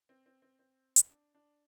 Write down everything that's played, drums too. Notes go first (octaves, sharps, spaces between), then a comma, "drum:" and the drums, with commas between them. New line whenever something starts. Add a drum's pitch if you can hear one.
C4
C4
C4
C4
drum: hi-hat
D4
D4